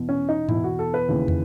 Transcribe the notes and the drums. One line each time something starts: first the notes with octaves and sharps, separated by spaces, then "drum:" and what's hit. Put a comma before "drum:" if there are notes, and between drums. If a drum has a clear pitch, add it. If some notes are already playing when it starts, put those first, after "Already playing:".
Already playing: E2 B2
C#4
D#4
E2 B2 E4, drum: tom G#2
F#4
A4
B4
D#2 C#3 E3
drum: tom